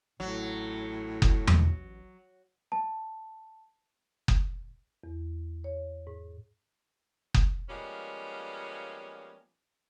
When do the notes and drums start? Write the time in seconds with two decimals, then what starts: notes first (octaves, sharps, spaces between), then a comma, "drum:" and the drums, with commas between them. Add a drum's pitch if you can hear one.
0.20 A1 A2 F#3
1.22 drum: kick F#1
1.47 drum: tom E2
2.72 A5
4.28 drum: kick F#1
5.04 E2
5.64 C#5
6.07 G#2
7.34 drum: kick F#1
7.69 F3 G3 G#3 A#3 B3 C#4